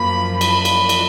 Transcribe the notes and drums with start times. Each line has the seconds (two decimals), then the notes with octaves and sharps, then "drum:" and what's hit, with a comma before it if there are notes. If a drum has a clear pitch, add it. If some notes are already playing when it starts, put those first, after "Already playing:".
Already playing: F#2 F3 A#3 B5
0.41 B5, drum: cymbal
0.65 drum: cymbal
0.89 drum: cymbal